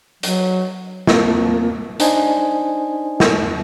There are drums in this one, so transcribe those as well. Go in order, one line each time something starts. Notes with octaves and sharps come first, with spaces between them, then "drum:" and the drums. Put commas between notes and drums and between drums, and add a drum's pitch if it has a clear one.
F#3, drum: hi-hat
A#3 C4 F4 A#4, drum: snare
D4 D#4 C5 D#5 G#5, drum: hi-hat
drum: snare